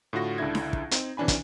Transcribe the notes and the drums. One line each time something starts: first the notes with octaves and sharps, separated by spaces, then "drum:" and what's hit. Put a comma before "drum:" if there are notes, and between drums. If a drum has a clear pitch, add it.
A2 D3 F4 F#4 A#6
C#2 D3 D4 E4 E5 G#6
drum: snare D4
drum: kick
C4 D#4, drum: hi-hat
C3 E3 C#4 D4 G#5 B5
drum: kick, hi-hat